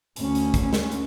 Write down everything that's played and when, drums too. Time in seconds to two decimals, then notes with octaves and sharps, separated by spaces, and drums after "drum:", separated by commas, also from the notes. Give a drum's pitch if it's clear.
0.16 D2 C#4, drum: hi-hat
0.35 drum: hi-hat
0.54 drum: kick, hi-hat
0.73 drum: snare
0.91 drum: hi-hat